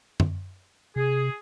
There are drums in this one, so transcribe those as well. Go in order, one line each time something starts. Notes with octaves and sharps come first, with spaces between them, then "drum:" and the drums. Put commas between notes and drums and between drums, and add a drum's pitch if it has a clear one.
drum: tom F#2
C3 G#4